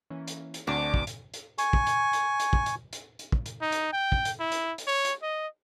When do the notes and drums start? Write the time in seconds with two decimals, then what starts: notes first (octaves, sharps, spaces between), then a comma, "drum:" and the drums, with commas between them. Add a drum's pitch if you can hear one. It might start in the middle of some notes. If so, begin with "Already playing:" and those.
0.10 E3 A#3 C#4
0.28 drum: hi-hat
0.54 drum: hi-hat
0.67 D2 C4 D4 F#4 C#6 D6
0.94 drum: kick
1.07 drum: hi-hat
1.34 drum: hi-hat
1.58 G#5 C#6, drum: hi-hat
1.73 drum: kick
1.87 drum: hi-hat
2.13 drum: hi-hat
2.40 drum: hi-hat
2.53 drum: kick
2.66 drum: hi-hat
2.93 drum: hi-hat
3.19 drum: hi-hat
3.32 drum: kick
3.46 drum: hi-hat
3.61 D#4
3.72 drum: hi-hat
3.93 G5
4.12 drum: kick
4.25 drum: hi-hat
4.40 E4
4.52 drum: hi-hat
4.78 drum: hi-hat
4.87 C#5
5.05 drum: hi-hat
5.22 D#5